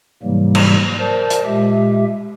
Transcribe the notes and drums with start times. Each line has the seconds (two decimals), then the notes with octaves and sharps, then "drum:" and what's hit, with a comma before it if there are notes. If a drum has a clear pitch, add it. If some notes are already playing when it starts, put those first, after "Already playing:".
0.23 G#2 C3 E3 F#3 G3 A#3
0.55 drum: cymbal
0.99 A#4 C5 D5 A5
1.30 drum: hi-hat
1.45 A#2 G#3 G4 E5